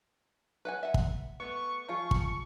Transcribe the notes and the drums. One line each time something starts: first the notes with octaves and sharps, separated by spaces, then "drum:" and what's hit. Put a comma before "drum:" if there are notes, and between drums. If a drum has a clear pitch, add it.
B4 F#5 G#5
E5 F#5
drum: kick
A3 B3 C#6
F3 F4 G#4
drum: kick